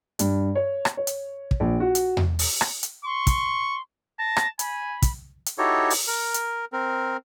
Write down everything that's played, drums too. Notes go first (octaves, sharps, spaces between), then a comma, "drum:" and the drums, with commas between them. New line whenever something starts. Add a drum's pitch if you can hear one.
G2, drum: hi-hat
C#5
drum: rim click
C#5
drum: hi-hat
drum: kick
A#1
F#4
drum: hi-hat
drum: tom E2
drum: open hi-hat
drum: rim click
drum: hi-hat
C6 C#6
drum: kick, hi-hat
A5 A#6
drum: rim click
G#5 B5, drum: hi-hat
drum: kick, hi-hat
drum: hi-hat
D#4 E4 F#4 G4 A4 C#5
drum: open hi-hat
A#4
drum: hi-hat
C4 A#4